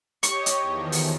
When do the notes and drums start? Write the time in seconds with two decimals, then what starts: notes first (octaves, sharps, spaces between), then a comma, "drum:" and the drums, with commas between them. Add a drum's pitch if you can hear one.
0.23 G4 C#5 D#5 C#6, drum: hi-hat
0.46 drum: hi-hat
0.60 E2 D#3 F3
0.92 drum: open hi-hat